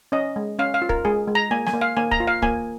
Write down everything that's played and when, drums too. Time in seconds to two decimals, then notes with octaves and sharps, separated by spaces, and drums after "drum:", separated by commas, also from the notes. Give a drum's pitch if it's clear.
0.12 C#4 D#5
0.36 G#3
0.59 C#4 F5
0.74 F5
0.82 F4
0.89 A#4, drum: kick
1.05 G#3 G#4
1.28 G#3
1.35 A#5
1.51 A#3 G#5
1.67 G#5, drum: snare
1.73 A#3
1.81 F5
1.97 A#3 G#5
2.11 A#5, drum: kick
2.20 F4
2.27 F5
2.42 A#3 G#5, drum: kick